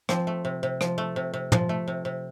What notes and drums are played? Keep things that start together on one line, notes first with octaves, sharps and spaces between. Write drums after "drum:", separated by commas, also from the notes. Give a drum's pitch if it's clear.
F3 C4, drum: rim click
A3
C3
C3
F3, drum: rim click
A3
C3
C3
F3, drum: tom
A3
C3
C3